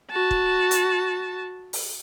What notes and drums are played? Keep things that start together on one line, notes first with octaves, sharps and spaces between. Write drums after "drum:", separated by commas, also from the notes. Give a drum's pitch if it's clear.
F#4 A5
drum: kick
drum: hi-hat
drum: open hi-hat